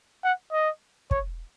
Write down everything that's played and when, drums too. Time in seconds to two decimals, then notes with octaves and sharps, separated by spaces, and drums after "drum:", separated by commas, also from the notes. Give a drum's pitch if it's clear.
0.24 F#5
0.52 D#5
1.11 C#5, drum: kick